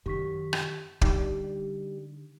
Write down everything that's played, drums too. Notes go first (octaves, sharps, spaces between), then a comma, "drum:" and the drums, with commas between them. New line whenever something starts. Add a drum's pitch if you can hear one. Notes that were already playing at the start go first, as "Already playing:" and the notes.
F#2 D#3 G4 C#6 B6
drum: rim click
D3 G3 D#4, drum: kick